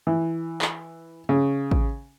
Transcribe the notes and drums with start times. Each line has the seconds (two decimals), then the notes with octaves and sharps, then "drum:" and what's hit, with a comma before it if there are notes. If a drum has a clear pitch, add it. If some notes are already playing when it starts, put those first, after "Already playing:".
0.07 E3
0.62 drum: clap
1.29 C#3
1.71 drum: kick A1